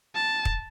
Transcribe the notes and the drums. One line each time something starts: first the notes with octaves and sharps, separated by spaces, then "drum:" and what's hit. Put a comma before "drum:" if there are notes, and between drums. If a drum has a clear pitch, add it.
A5
drum: kick